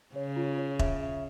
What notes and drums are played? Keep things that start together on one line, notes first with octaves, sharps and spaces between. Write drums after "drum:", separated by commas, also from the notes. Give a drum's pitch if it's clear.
C#3 C#5
F4
C#5
E5, drum: kick E1
E5